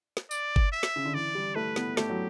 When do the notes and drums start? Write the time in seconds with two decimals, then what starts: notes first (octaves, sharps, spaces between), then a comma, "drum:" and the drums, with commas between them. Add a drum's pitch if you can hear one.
0.17 drum: snare
0.31 D5, drum: tambourine
0.56 drum: kick G1
0.72 E5
0.83 drum: snare
0.96 C#3
1.05 D3
1.14 E3 D5
1.35 G3
1.55 A3 B4
1.76 B3, drum: snare
1.97 A3 G4, drum: snare
2.09 F#3